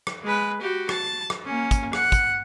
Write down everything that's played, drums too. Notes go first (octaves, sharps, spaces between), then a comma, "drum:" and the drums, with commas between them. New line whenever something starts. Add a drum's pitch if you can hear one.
drum: rim click
G#3 B4
F#4 G4
A5, drum: rim click
drum: rim click
A#3 C#4
drum: kick, hi-hat
F#5, drum: rim click
drum: kick, hi-hat